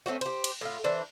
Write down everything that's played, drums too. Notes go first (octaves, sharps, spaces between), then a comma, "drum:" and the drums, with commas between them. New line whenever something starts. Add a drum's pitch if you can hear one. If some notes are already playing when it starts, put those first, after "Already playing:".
A3 C4 C#4 F#4
G4 C5, drum: cymbal
drum: cymbal
A2 F4
E3 D4 C5